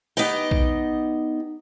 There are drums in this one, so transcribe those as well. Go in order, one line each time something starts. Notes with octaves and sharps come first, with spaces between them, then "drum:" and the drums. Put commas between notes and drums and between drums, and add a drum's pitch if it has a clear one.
B3 D#4 G4 D#5 G5
drum: kick A#1